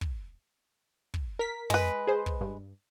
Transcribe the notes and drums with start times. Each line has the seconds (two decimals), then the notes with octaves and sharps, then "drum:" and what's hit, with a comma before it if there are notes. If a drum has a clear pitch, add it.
0.01 drum: kick
1.14 drum: kick
1.39 A#4 B6
1.70 G#3 B4, drum: tom
2.07 G#4 C5
2.26 drum: kick
2.41 G2